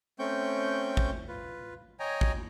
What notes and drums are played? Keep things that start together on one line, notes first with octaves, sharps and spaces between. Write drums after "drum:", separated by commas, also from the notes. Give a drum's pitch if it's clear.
A3 C4 C#4 G5 C#6 G6
drum: kick
F4 B4
C#5 D#5 G5 G#5 A#5
drum: kick